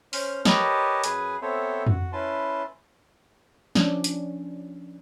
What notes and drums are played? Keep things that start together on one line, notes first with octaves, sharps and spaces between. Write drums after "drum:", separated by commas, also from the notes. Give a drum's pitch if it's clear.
C#4 C5 F6, drum: open hi-hat
G4 A#4 B4 C#5 D#5 A5, drum: snare
F#2 G#4 B4 G#5, drum: hi-hat
B3 C4 A4 C5 C#5 E5
F#4, drum: tom F2
C#4 E4 B4 A5 C6
F3 C#4 D4, drum: snare
drum: hi-hat